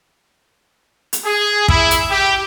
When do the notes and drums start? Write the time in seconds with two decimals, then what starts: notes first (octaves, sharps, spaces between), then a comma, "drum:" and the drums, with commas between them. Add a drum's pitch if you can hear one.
1.13 drum: hi-hat
1.24 G#4
1.68 E4, drum: kick
1.91 drum: hi-hat
2.10 G4